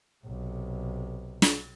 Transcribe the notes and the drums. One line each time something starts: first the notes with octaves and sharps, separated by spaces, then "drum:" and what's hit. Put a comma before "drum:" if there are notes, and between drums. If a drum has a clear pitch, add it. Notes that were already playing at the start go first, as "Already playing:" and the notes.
B1 C3
drum: snare